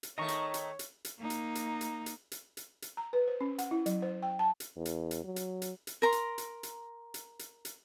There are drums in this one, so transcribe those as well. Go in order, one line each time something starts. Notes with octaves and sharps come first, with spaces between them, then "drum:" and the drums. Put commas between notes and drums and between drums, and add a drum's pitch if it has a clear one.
drum: hi-hat
D#3 A3 C#5 D#5 A#5 C#6
drum: hi-hat
drum: hi-hat
drum: hi-hat
drum: hi-hat
A#3 D#4
drum: hi-hat
drum: hi-hat
drum: hi-hat
drum: hi-hat
drum: hi-hat
drum: hi-hat
drum: hi-hat
A#5
B4
C5
C#4
F#5, drum: hi-hat
E4
F#3, drum: hi-hat
C5
G5
A5
drum: hi-hat
E2
drum: hi-hat
drum: hi-hat
F#3
drum: hi-hat
drum: hi-hat
drum: hi-hat
A#4 A#5 C6
drum: hi-hat
drum: hi-hat
drum: hi-hat
drum: hi-hat
drum: hi-hat
drum: hi-hat